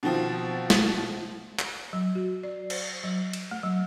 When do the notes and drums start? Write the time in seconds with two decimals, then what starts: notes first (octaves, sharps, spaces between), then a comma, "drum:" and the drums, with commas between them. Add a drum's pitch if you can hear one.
0.03 B2 D#3 F3 C4
0.70 drum: snare
1.59 drum: clap
1.93 F#3
2.15 F#4
2.43 D5
2.70 C5, drum: cymbal
3.04 F#3
3.33 drum: cymbal
3.51 A3
3.63 F#3